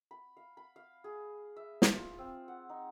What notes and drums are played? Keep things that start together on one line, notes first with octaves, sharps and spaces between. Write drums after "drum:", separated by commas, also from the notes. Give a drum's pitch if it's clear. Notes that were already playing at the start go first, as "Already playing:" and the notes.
B5
F5
B5
F5
G#4
E5
drum: snare
F4
C4
F#5
D#4